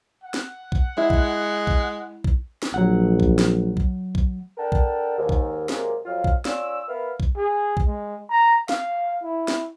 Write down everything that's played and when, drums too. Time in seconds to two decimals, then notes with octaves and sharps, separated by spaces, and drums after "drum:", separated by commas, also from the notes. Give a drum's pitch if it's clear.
0.24 F#5
0.34 drum: snare
0.72 drum: kick A#1
0.98 G#3 E4
1.10 drum: kick A#1
1.67 drum: kick A#1
2.24 drum: kick A#1
2.63 drum: snare
2.74 A#1 F#3 F#5
3.20 drum: kick A#1
3.39 drum: snare
3.77 drum: kick A#1
4.15 drum: kick A#1
4.58 D4 A4 A#4 F#5 G5 A5
4.72 drum: kick A#1
5.17 D#2 G#2
5.29 drum: kick A#1
5.69 C3 F#3 G#3 A#3, drum: snare
6.05 F2 F#3 F4 F5
6.24 drum: kick A#1
6.45 C#4 F4 D5 E6, drum: snare
6.88 B3 A#4 B4 E5 F5
7.20 drum: kick A#1
7.37 G#4
7.77 drum: kick A#1
7.86 G#3
8.30 A#5
8.69 F5, drum: snare
9.23 E4
9.48 drum: snare